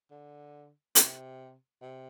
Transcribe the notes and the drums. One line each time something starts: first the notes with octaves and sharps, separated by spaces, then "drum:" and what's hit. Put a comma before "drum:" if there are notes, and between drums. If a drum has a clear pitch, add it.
D3
C3, drum: hi-hat
C3